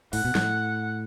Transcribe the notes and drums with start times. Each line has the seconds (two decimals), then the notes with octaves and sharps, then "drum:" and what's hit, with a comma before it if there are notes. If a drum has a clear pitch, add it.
0.13 A2 F#5, drum: open hi-hat
0.25 B2
0.35 A2, drum: snare F3